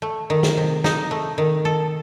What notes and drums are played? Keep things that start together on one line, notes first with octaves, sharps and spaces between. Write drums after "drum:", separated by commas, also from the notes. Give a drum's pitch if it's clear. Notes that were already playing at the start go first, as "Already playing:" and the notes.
A3
D#3
drum: snare
C3
D#4, drum: snare
A3
D#3
A4